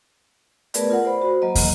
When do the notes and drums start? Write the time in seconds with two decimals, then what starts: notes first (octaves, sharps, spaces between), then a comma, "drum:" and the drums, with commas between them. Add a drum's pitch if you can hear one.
0.74 A3 B3 G#4 A#4 B4 D5, drum: hi-hat
0.90 F4 A#4 F#5
1.05 C5 D5 B5
1.22 F#4 C5
1.42 F#3 A#3 D#5
1.55 drum: kick, open hi-hat